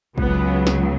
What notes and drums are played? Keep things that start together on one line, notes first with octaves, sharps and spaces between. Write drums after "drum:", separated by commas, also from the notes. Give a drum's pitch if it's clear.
C#2 C#3 F#3 B3, drum: kick
drum: snare